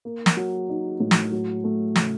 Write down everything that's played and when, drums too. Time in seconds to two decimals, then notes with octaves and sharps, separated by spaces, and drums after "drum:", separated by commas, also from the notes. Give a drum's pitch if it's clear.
0.05 A#3
0.26 drum: snare
0.37 F#3
0.69 D#4
1.00 A2
1.11 drum: snare
1.32 F#3
1.64 A3
1.96 C#3, drum: snare